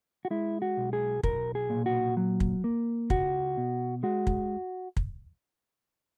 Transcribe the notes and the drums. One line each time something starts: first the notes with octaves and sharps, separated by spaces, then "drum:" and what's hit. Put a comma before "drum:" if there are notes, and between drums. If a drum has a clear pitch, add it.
F#4
G#3 E4
F#4
B1
G#4
B1 A#4, drum: kick
G#4
A#2
F#4
F#3
drum: kick
A#3
C#2 F#4, drum: kick
B2
G#3 F#4
drum: kick
drum: kick